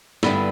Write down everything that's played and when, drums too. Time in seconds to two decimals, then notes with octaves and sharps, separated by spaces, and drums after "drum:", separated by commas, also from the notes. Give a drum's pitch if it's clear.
0.23 G2 D3 G3 B3 E4, drum: snare